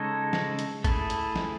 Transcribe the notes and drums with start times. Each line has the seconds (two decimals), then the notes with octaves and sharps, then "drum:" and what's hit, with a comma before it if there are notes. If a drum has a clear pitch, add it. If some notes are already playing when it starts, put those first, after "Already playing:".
Already playing: C#3 G#3 D#4 A4 C#5
0.33 drum: snare
0.59 drum: hi-hat
0.84 A3 E4 G#4, drum: kick A1, hi-hat
1.10 drum: hi-hat
1.36 drum: snare